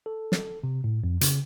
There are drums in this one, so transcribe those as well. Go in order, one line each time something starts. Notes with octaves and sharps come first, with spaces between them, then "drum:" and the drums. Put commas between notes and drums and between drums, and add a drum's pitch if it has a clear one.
A4
drum: snare
C3
A2
F2
C#3, drum: hi-hat